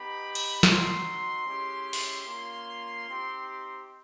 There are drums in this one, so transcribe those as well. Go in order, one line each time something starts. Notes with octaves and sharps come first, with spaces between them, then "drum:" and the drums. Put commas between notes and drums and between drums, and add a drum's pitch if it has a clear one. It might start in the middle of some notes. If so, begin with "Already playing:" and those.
Already playing: B3 D#4 G4 B5
drum: cymbal
C4 D#4 F#4 C6, drum: snare
G#3 C#4 E4 G4
drum: open hi-hat
A#3 C#4 F4
C4 D#4 G4